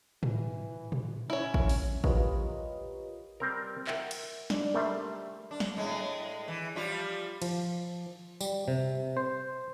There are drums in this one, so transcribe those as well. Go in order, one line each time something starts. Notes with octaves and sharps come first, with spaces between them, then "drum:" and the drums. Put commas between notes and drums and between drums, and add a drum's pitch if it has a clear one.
E3, drum: tom
drum: tom
C#4 E4 C#5
drum: kick A1
drum: open hi-hat
F4 G4 A#4 B4 C#5 D#5, drum: kick A1
G3 C4 A#4
A#4 E5 F#5 G5, drum: clap
drum: cymbal
D4 D#4 D5, drum: snare
G3 A3 A#4 E5 C6
D4
drum: snare
A2 G#3
E3
F3 G3 F4
F3, drum: cymbal
G3, drum: tambourine
C3
C5